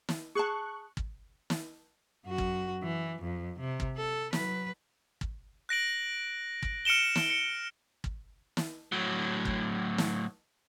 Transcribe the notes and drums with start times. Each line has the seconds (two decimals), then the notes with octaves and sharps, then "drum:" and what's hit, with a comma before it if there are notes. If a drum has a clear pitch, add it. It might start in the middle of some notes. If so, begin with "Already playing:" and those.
0.09 drum: snare
0.35 G#4 A5 C#6 F#6
0.97 drum: kick
1.50 drum: snare
2.25 F#2 F#4
2.38 drum: kick
2.82 E3
3.22 F2
3.60 C3
3.80 drum: kick
3.97 A4
4.33 F#3 B4, drum: snare
5.21 drum: kick
5.69 F#6 A#6 D7 F#7
6.62 drum: kick
6.85 F6 C#7 D7 E7 G7
7.16 drum: snare
7.30 C#7
8.04 drum: kick
8.57 drum: snare
8.92 A2 F#3
9.45 drum: kick
9.98 drum: snare